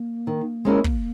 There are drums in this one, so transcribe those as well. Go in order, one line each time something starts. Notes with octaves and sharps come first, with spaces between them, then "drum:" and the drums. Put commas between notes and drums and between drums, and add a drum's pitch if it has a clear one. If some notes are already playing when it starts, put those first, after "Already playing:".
Already playing: A#3
D#3
G#3 C#4 E4 A#4
drum: kick